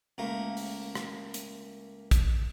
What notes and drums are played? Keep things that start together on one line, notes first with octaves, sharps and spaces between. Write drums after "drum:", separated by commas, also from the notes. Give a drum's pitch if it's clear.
C#2 A3 A#3 A#4
drum: open hi-hat
drum: rim click
drum: hi-hat
drum: kick, hi-hat